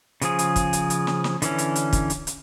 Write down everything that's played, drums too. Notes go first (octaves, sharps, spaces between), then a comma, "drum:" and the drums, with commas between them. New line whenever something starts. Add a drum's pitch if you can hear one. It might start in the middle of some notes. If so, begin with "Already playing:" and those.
C#3 F3 G#4, drum: hi-hat
drum: hi-hat
drum: kick, hi-hat
drum: hi-hat
drum: hi-hat
drum: snare
drum: snare
D3 E3 C#4, drum: hi-hat
drum: hi-hat
drum: hi-hat
drum: kick, hi-hat
drum: hi-hat
drum: hi-hat